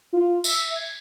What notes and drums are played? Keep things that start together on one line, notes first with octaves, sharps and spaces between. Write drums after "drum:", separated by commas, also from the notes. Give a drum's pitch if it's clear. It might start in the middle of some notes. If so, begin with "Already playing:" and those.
F4
E5, drum: tambourine
G#6